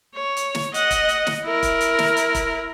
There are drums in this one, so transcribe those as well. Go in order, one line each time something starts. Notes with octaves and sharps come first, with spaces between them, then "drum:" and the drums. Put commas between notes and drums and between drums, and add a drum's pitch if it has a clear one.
C#5
drum: hi-hat
drum: snare
D#5 F#5, drum: hi-hat
drum: kick E1, hi-hat
drum: hi-hat
drum: snare
E4 A#4
drum: kick E1, hi-hat
drum: hi-hat
drum: snare
drum: hi-hat
drum: kick E1, hi-hat